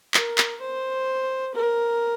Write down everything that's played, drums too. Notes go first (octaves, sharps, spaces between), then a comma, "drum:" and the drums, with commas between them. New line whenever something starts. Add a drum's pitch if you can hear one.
A#4, drum: clap
drum: clap
C5
A#4